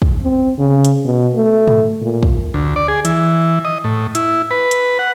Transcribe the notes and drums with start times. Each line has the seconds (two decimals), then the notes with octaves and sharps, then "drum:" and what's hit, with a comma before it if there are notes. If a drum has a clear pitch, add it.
0.02 drum: kick
0.23 C4
0.58 C#3
0.85 drum: hi-hat
1.05 B2
1.34 A3
1.67 drum: tom G#2
2.02 A#2
2.23 drum: kick
2.54 D2
2.76 D5
2.88 G#4
3.05 E3, drum: hi-hat
3.65 D#5
3.84 A2
4.15 E4, drum: hi-hat
4.51 B4
4.71 drum: hi-hat
4.99 F#5